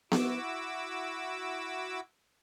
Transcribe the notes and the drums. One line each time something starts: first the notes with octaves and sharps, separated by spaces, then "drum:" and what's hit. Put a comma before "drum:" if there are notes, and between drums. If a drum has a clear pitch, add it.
E4 F#4 D6 E6, drum: snare B3